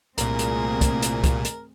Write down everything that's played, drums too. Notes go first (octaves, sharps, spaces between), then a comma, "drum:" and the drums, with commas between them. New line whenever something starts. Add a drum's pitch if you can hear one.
C2 A#2 A3 C4 G#4 A#4, drum: hi-hat
drum: hi-hat
drum: kick, hi-hat
drum: hi-hat
drum: kick, hi-hat
drum: hi-hat